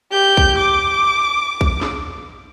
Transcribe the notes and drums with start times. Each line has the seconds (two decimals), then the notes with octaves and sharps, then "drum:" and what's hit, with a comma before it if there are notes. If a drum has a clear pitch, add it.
0.11 G4 G6
0.37 drum: kick
0.58 D6
1.61 drum: kick
1.81 drum: snare